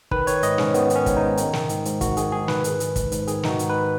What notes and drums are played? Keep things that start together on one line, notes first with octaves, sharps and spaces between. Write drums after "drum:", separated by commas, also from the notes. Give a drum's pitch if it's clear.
D#3 B4, drum: kick
D#3 C#5, drum: hi-hat
G#2 D#5, drum: hi-hat
G#2 C#4, drum: snare
D#3 B3, drum: hi-hat
D#3, drum: hi-hat
C#4
G#2, drum: kick, hi-hat
D#4
G#2
D#3, drum: hi-hat
D#3, drum: snare
G#2, drum: hi-hat
G#2, drum: hi-hat
D#3 F#4, drum: kick, hi-hat
D#3 G#4, drum: hi-hat
G#2 G#4
G#2 B4, drum: snare
D#3, drum: hi-hat
D#3, drum: hi-hat
G#2, drum: kick, hi-hat
G#2, drum: hi-hat
D#3 G#4, drum: hi-hat
D#3 D#4, drum: snare
F#4
G#2, drum: hi-hat
B4